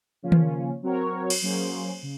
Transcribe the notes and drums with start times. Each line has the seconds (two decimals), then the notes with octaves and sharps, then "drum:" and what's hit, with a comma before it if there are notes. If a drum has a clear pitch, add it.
0.22 C#3 F3 A#3 C#4 F4
0.32 drum: tom D#3
0.82 F#3 C4 F#4 A#4 C#5
1.30 drum: cymbal
1.42 F#3 A#3 C#4 G#4 C5
2.03 C#3